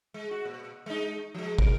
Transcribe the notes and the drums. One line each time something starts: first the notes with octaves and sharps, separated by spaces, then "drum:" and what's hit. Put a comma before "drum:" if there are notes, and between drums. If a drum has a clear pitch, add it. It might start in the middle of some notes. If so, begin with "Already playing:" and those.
G#3
F#4
A#2
G#3 D#4
F3 G#3
A#4, drum: kick